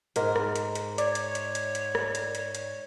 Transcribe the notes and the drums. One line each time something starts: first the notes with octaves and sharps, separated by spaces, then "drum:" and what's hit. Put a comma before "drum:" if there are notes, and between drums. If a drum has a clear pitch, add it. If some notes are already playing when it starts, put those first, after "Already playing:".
G#2 A#4, drum: hi-hat
drum: rim click
drum: hi-hat
drum: hi-hat
C#5 D5, drum: hi-hat
drum: hi-hat
drum: hi-hat
drum: hi-hat
drum: hi-hat
drum: rim click
drum: hi-hat
drum: hi-hat
drum: hi-hat